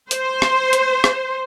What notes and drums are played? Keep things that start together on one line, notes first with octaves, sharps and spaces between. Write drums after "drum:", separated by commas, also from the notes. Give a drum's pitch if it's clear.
C5, drum: hi-hat
drum: rim click
drum: hi-hat
drum: rim click